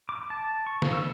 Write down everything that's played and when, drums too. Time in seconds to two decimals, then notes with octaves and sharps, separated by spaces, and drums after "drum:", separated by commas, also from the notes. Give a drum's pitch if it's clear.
0.09 D6
0.30 A5
0.67 C#6
0.82 drum: snare
0.93 E6